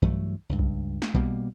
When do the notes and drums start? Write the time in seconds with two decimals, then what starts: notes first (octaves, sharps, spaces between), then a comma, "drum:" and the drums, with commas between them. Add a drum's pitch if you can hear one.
0.02 G2 E3 F#3 A3, drum: kick B1
0.49 C#2 G2
0.59 drum: kick B1
1.02 drum: snare
1.14 B2 G3 A#3, drum: kick B1